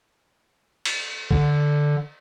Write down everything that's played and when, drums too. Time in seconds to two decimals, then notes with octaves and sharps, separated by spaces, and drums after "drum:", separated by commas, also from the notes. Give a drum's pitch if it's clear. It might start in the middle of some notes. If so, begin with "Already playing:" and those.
0.85 drum: cymbal
1.31 D3, drum: kick B1